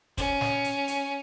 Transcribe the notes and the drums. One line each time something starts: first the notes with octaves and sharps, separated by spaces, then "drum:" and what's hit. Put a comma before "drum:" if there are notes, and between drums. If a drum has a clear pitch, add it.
C#4, drum: kick, hi-hat
drum: snare
drum: hi-hat
drum: hi-hat